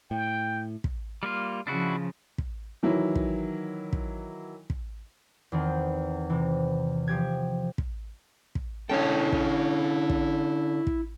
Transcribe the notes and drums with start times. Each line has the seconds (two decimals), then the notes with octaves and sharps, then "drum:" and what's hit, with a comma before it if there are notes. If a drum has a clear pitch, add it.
0.11 A2 G5
0.84 drum: kick
1.23 G3 A#3 F4
1.67 C#3 F3 D4 E4 F#4
2.38 drum: kick
2.83 D#3 E3 F#3 E4
3.15 drum: kick
3.93 drum: kick
4.70 drum: kick
5.52 E2 D#3 C4
6.30 C3 E3
7.08 F3 G4 G#6
7.78 drum: kick
8.55 drum: kick
8.89 D3 C#4 E4 A4 G5
9.32 drum: kick
10.10 drum: kick
10.87 drum: kick